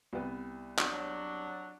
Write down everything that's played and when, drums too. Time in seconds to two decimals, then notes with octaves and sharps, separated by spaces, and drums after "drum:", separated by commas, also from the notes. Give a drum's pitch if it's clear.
0.13 C2 B3
0.78 F#3 D4, drum: clap